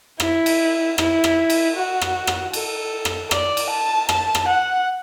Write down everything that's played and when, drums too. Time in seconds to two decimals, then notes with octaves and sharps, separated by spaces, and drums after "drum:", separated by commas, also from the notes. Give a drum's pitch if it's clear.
0.20 E4, drum: rim click
0.46 drum: cymbal
0.98 E4, drum: rim click
1.24 drum: rim click
1.50 drum: cymbal
1.76 F#4
2.01 drum: rim click
2.27 drum: rim click
2.53 A4, drum: cymbal
3.05 drum: rim click
3.31 D5, drum: rim click
3.57 drum: cymbal
3.70 A5
4.09 A5, drum: rim click
4.35 drum: rim click
4.48 F#5